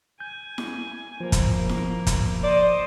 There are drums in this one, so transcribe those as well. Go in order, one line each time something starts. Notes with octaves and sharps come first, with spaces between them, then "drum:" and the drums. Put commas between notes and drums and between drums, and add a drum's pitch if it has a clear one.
G#5 G6
drum: snare E4
F3 A#3
drum: kick, hi-hat
drum: snare E4
drum: kick, hi-hat
C5 D5 D#5